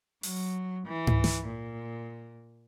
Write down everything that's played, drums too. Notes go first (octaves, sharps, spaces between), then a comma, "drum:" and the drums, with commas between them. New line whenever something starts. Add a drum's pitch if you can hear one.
F#3, drum: open hi-hat
E3
drum: tom G#2
drum: snare
A#2